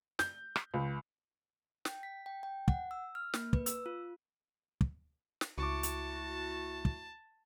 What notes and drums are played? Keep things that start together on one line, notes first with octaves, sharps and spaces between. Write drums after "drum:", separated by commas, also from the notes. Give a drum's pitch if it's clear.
G6, drum: snare
drum: rim click
C#2
G5, drum: snare
B6
G5
G5
F#5, drum: kick
E6
F6
A#3, drum: snare
B4, drum: kick
E6, drum: hi-hat
F4
drum: kick
drum: snare
C#2 A3 E4 F#4 A5 C#6 D6
drum: hi-hat
drum: kick